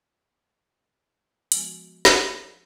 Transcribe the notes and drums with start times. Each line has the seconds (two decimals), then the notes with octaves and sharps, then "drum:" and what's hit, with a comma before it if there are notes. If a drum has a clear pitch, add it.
1.52 F3 G#3 B3 F#4, drum: hi-hat
2.05 drum: snare